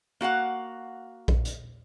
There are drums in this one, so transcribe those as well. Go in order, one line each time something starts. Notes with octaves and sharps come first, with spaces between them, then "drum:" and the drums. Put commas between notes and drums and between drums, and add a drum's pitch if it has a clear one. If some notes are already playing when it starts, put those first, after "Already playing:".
A#3 F#4 F5 F#5
drum: kick A#1
drum: hi-hat